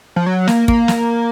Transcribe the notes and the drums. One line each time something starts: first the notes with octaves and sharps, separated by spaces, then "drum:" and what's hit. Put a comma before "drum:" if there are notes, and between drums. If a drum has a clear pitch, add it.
F3
F#3
A#3, drum: snare
A#3, drum: kick
drum: snare